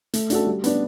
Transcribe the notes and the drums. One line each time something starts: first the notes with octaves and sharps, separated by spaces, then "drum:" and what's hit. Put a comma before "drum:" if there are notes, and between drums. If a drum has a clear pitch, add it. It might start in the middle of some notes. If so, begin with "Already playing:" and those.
A3, drum: hi-hat
D4 F#4 A4, drum: hi-hat
G3
B3 D4, drum: hi-hat